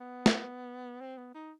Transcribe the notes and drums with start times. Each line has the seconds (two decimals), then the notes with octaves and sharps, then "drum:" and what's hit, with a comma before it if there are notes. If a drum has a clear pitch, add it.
0.01 B3
0.26 drum: snare
1.01 C4
1.18 B3
1.35 D#4